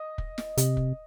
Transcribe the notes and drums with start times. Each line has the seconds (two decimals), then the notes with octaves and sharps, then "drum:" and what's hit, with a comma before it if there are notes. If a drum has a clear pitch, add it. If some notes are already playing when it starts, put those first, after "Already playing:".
Already playing: D#5
0.18 drum: kick
0.38 drum: snare
0.58 C3, drum: hi-hat
0.77 drum: kick